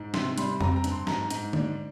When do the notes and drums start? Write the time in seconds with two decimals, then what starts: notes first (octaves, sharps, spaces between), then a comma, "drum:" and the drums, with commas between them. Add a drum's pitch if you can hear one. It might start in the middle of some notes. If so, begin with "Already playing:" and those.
Already playing: G#2
0.14 C3 C6, drum: snare
0.38 G3 C6, drum: hi-hat
0.61 C4 A#5, drum: tom F2
0.76 A#5
0.84 G2, drum: hi-hat
0.91 C6
1.07 G#2 A#5, drum: snare
1.30 G#2, drum: hi-hat
1.53 D4, drum: tom D3